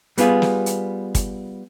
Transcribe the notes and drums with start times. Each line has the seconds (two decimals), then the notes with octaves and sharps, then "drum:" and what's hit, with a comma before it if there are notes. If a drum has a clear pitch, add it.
0.18 G3 B3 F4 G#4, drum: hi-hat
0.42 drum: snare
0.66 drum: hi-hat
1.15 drum: kick, hi-hat